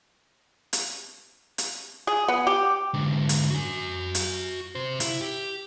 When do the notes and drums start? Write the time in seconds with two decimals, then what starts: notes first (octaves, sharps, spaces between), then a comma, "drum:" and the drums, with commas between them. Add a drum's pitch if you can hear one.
0.73 drum: hi-hat
1.58 drum: hi-hat
2.07 G#4
2.28 B3
2.47 G4
2.94 G#2 D3
3.29 drum: hi-hat
3.50 F#4 G#5
4.15 drum: hi-hat
4.75 C3 C5
5.00 E4, drum: hi-hat
5.21 G4